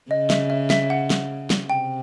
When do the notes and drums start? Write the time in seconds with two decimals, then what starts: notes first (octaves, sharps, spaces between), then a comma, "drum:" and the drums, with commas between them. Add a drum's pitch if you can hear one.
0.11 C#3 D#5
0.30 E5, drum: snare
0.50 E5
0.70 E5, drum: snare
0.90 F#5
1.10 drum: snare
1.50 drum: snare
1.70 C3 G5